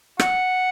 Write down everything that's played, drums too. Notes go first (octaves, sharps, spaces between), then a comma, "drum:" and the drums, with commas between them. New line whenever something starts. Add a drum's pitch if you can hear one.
F#5, drum: rim click